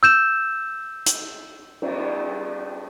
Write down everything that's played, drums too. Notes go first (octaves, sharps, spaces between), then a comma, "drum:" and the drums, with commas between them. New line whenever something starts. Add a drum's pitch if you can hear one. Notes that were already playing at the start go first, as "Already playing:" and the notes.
E6 G6 E7
drum: hi-hat
drum: cymbal